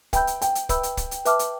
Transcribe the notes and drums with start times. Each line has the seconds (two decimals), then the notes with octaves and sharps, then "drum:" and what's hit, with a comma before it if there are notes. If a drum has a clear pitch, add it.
0.13 B4 E5 G5 B5 E6 G6, drum: kick, hi-hat
0.27 drum: hi-hat
0.42 G5, drum: hi-hat
0.55 drum: hi-hat
0.69 B4 E5 B5 E6 G6, drum: kick, hi-hat
0.83 drum: hi-hat
0.97 drum: kick, hi-hat
1.11 drum: hi-hat
1.25 B4 E5 A5 D6 F6, drum: hi-hat
1.39 drum: hi-hat